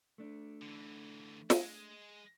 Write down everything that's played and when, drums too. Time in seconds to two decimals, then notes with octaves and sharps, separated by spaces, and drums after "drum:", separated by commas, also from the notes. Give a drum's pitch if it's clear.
0.18 A3 D4
0.62 D3 E3
1.50 G#3, drum: snare